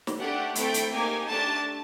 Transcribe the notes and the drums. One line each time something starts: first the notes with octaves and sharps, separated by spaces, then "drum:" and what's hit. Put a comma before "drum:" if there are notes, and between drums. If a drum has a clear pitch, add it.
drum: snare
A3 D4 G4 F#5
A3 C4 E4 G5, drum: hi-hat
drum: hi-hat
A#3 D#4 G4 G#5
A3 D4 G4 A5